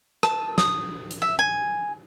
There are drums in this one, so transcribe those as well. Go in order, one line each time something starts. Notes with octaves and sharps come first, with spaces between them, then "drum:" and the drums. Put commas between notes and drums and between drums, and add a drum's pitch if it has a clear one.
A5, drum: rim click
D#6, drum: snare
drum: hi-hat
E5
G#5